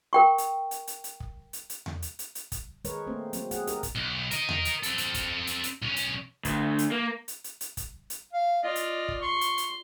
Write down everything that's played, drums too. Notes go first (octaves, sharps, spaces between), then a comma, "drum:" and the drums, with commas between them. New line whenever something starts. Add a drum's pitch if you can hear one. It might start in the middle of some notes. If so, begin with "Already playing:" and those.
A#4 G5 C#6
drum: hi-hat
drum: hi-hat
drum: hi-hat
drum: hi-hat
drum: kick
drum: hi-hat
drum: hi-hat
drum: tom E2
drum: hi-hat
drum: hi-hat
drum: hi-hat
drum: kick, hi-hat
D#3 G#3 A#4 B4 C#5, drum: hi-hat
A3 A#3 C4 C5
F#3 G#3 C4, drum: hi-hat
G#3 G#4 F#5, drum: hi-hat
G4 A#4, drum: hi-hat
drum: kick, hi-hat
B1
A#4 D#5, drum: hi-hat
drum: tom E2
drum: hi-hat
C4 A4, drum: hi-hat
drum: hi-hat
drum: kick, hi-hat
drum: hi-hat
drum: hi-hat
B1 C#4
drum: hi-hat
D2, drum: kick, hi-hat
drum: hi-hat
A#3
drum: hi-hat
drum: hi-hat
drum: hi-hat
drum: kick, hi-hat
drum: hi-hat
F5
F4 D5 D#5
drum: hi-hat
drum: kick
C6 C#6
drum: hi-hat
drum: hi-hat